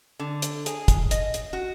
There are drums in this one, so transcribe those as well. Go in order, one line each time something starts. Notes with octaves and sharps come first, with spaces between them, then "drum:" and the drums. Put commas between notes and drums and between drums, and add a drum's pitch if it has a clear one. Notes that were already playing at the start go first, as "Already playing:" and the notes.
D3
drum: hi-hat
G#4, drum: hi-hat
drum: kick, hi-hat
D#5, drum: hi-hat
drum: hi-hat
F#4